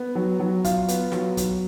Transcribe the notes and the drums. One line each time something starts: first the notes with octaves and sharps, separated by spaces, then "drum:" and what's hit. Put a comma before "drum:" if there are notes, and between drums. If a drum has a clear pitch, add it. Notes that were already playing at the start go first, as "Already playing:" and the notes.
Already playing: B3
F#3
F#3
F4, drum: kick, hi-hat
B3, drum: hi-hat
F#3, drum: snare
F#3, drum: kick, hi-hat